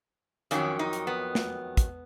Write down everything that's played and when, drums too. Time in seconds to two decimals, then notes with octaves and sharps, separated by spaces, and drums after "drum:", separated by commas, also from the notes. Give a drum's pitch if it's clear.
0.51 F2 D#3 F#3 C#4, drum: hi-hat
0.79 D#4
0.93 drum: hi-hat
1.07 B3
1.35 drum: snare
1.77 drum: kick, hi-hat